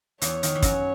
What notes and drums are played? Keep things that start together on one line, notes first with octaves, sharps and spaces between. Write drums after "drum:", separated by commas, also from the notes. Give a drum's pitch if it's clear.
E2 E3 C#5, drum: hi-hat
D#3, drum: hi-hat
E3
F#2 F#3, drum: kick, hi-hat